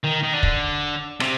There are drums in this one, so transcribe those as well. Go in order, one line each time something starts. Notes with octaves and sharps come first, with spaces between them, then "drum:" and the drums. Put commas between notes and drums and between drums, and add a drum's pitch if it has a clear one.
D#3
D#3
D3
drum: kick
C3, drum: rim click